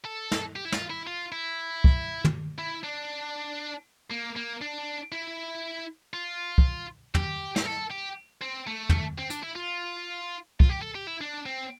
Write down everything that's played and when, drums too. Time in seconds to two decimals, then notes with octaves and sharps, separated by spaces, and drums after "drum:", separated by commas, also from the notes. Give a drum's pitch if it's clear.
0.05 A4
0.32 drum: snare
0.56 G4
0.65 E4
0.72 F4, drum: snare
0.90 E4
1.07 F4
1.32 E4
1.84 drum: kick
2.25 drum: tom
2.58 E4
2.83 D4
4.11 A#3
4.36 A#3
4.62 D4
5.12 E4
6.14 F4
6.58 drum: kick
7.14 G4, drum: tom
7.56 G4, drum: snare
7.66 A4
7.91 G4
8.42 C4
8.67 A3
8.89 drum: tom
9.18 C4
9.30 D4, drum: hi-hat
9.43 E4
9.55 F4
10.60 F4, drum: kick
10.70 G4
10.82 A4
10.95 G4
11.07 E4
11.21 D4
11.46 C4